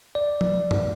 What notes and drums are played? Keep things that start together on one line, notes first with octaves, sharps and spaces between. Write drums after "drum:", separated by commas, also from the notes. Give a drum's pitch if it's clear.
D5
drum: tom F3
drum: tom